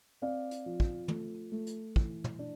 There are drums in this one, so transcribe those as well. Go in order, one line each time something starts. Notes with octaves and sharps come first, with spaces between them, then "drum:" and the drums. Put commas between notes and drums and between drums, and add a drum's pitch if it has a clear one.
C4 D5 F5
drum: hi-hat
F3
drum: kick
A3, drum: tom
A3
drum: hi-hat
E3, drum: kick
drum: tom
D4